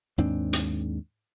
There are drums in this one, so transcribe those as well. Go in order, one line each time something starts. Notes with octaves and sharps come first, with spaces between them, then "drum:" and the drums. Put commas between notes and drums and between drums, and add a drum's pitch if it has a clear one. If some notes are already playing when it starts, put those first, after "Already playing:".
D#2 G#2 C4 D4
drum: hi-hat